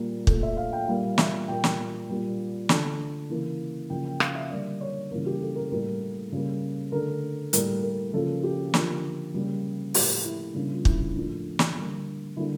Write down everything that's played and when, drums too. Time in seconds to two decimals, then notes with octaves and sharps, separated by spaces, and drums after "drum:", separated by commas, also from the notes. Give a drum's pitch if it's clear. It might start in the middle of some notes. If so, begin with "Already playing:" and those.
Already playing: A#2 G3 A#3
0.27 A#2 A3, drum: kick
0.43 E5
0.57 F5
0.73 G5
0.88 A#2 G3 A#3 F5
1.18 E5, drum: snare
1.48 A#2 G3 A#3 G5
1.64 drum: snare
2.09 A#2 G3 A#3
2.69 D3 A3 A5, drum: snare
3.30 C#3 E3 A#3
3.90 C#3 F3 A#3 G5
4.05 G5
4.20 F5, drum: rim click
4.35 E5
4.50 D3 G3 A#3 D5
4.81 C#5
5.11 C#3 E3 G3 A#3
5.26 G4
5.41 A4
5.56 A#4
5.72 A2 G3 A#3 A#4
6.32 C#3 G3 A#3
6.92 D3 A3 A#4
7.53 A2 G3 A#3 A#4, drum: hi-hat
7.83 A#4
8.13 C#3 F3 A#3 A4
8.43 G4
8.74 D3 F3 A#3, drum: snare
9.34 C#3 G3 A#3
9.94 A2 F3 A#3 G4, drum: open hi-hat
10.25 E4
10.55 C#3 G3 A#3 D4
10.74 F4
10.85 E4, drum: kick
11.15 A2 F3 A#3 D4
11.59 drum: snare
11.76 D3 G3 A#3
12.37 D3 G3 A#3 E4